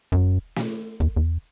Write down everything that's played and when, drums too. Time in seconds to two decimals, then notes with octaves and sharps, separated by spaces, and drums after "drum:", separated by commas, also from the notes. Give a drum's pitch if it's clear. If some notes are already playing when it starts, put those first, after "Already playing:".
0.12 F#2, drum: kick
0.56 drum: snare
1.00 E2, drum: kick
1.16 E2